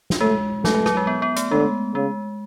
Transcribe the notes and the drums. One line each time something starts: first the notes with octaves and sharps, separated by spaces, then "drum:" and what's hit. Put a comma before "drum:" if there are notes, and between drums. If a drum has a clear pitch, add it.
drum: snare
G#3 A3
F#3 A3, drum: snare
F#3
F#3, drum: rim click
G#3
B3
B3
A3, drum: hi-hat
D3 G#3
C#3 G#3